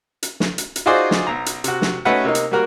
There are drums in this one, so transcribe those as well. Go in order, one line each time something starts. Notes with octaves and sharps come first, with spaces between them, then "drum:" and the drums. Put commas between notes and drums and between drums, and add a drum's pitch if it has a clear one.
drum: hi-hat
drum: snare
drum: hi-hat
drum: hi-hat
D#4 F4 F#4 G#4 C5 D5
drum: snare
B1 A#5
drum: hi-hat
C3 F#4, drum: hi-hat
drum: snare
A3 C#4 D#4 F#4 B4 F#5
C3 A#3 D#4
drum: hi-hat
G3 A#3 F#4 A#4